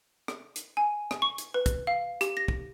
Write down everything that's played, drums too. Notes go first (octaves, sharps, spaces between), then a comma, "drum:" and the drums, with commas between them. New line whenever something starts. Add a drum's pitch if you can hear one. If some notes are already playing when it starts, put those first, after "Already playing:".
drum: rim click
drum: hi-hat
G#5
drum: rim click
C#6
drum: hi-hat
B4
drum: kick, hi-hat
F5
G4, drum: hi-hat
A#6
drum: kick